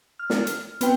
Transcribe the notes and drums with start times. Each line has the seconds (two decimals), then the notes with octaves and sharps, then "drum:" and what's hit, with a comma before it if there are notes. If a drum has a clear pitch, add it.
0.19 F6
0.30 drum: snare
0.47 drum: hi-hat
0.81 B3 C4 B4 G5, drum: hi-hat